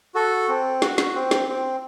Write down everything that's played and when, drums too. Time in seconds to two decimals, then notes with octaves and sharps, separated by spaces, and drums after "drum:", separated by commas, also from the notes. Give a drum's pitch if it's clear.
0.15 F#4 A4
0.49 C4
0.82 F#4, drum: snare
0.98 drum: snare
1.15 C4
1.31 drum: snare
1.48 C4